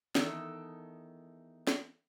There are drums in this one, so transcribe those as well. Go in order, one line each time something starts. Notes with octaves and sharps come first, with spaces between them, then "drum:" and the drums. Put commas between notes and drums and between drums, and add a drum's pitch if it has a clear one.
E2 D#3 A4, drum: snare
drum: snare